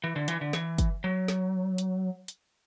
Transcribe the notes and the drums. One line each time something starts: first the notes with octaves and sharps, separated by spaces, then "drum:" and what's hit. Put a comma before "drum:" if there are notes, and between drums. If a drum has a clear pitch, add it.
E3
D3
E3, drum: hi-hat
D3
E3, drum: snare
drum: kick, hi-hat
F#3
drum: snare
drum: hi-hat
drum: hi-hat